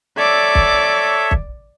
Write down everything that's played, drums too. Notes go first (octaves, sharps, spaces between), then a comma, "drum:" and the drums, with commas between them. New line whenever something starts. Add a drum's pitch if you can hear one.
A4 C#5 D5 E5 D6
drum: kick
drum: kick